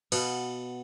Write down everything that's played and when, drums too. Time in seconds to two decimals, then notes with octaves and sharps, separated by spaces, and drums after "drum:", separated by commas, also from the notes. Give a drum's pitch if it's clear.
0.12 B2 B3 F5, drum: cymbal